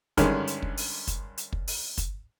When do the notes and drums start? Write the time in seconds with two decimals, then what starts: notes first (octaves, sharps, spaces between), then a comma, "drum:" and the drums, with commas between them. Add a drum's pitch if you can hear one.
0.17 G2 D3 D#3 G#3 C#4, drum: kick, hi-hat
0.47 drum: hi-hat
0.62 drum: kick
0.77 drum: open hi-hat
1.07 drum: kick, hi-hat
1.38 drum: hi-hat
1.53 drum: kick
1.68 drum: open hi-hat
1.98 drum: kick, hi-hat